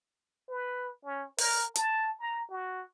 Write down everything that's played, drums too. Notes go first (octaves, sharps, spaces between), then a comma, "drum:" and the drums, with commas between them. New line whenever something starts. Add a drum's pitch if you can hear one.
B4
C#4
A#4, drum: open hi-hat
A5, drum: hi-hat
A#5
F#4